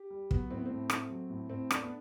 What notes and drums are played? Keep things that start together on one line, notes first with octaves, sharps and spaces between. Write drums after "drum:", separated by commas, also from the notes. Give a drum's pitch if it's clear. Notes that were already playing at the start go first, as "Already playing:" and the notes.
Already playing: G4
G3
F#3 B3, drum: kick
A2 C4
B3
A2 C4
A3, drum: rim click
F#3
A2
A2 C4
A3 D4, drum: rim click
B3